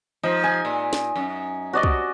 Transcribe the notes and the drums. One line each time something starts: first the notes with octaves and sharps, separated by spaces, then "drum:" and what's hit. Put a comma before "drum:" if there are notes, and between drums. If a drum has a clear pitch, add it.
F3 D#4
G#5
A#2
drum: snare
F#2
F#4 D5 D#5
drum: kick